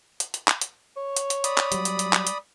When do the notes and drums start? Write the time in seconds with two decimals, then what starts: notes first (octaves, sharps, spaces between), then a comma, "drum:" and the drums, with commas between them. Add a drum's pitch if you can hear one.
0.20 drum: hi-hat
0.34 drum: hi-hat
0.48 drum: clap
0.61 drum: hi-hat
0.97 C#5
1.17 drum: hi-hat
1.30 drum: hi-hat
1.44 D5 B5 D#6, drum: hi-hat
1.58 drum: clap
1.72 F#3 G3, drum: hi-hat
1.85 drum: hi-hat
1.99 drum: hi-hat
2.13 drum: clap
2.27 drum: hi-hat